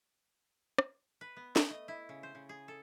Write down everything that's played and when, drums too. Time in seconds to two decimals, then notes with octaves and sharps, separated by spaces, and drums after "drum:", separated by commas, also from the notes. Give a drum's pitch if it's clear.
0.78 drum: rim click
1.21 B4
1.36 B3
1.56 A3, drum: snare
1.70 D#5
1.88 E4
2.09 C#3
2.23 C5
2.35 C#3
2.49 G#4
2.68 A4